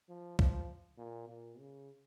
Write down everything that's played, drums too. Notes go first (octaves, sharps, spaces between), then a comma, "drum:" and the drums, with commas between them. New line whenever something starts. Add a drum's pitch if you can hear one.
F3
F3, drum: kick
A#2
A#2
C#3